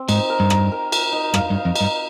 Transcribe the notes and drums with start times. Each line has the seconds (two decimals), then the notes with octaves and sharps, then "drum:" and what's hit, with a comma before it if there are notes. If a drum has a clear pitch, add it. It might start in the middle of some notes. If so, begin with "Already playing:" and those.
Already playing: C4
0.09 G#2 D#4, drum: cymbal
0.30 A#4
0.40 G2
0.50 A#4, drum: rim click
0.72 A#4
0.92 A#4, drum: cymbal
1.12 D#4
1.34 G2 F5, drum: rim click
1.50 G2
1.55 F5
1.65 F2
1.76 D#4, drum: cymbal
1.81 G2